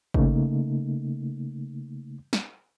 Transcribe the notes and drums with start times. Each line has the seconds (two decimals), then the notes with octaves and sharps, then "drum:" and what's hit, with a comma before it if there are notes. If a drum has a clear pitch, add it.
0.14 C#3 A3 A#3 D#4, drum: kick G#1
2.33 drum: snare